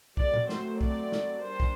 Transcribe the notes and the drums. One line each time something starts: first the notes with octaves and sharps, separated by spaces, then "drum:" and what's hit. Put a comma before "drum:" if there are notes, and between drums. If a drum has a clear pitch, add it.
F#3 A3 C4 D5, drum: kick
drum: tom A#2
C5, drum: snare
D5, drum: kick
drum: snare
G3 A#3 D4 C5
drum: kick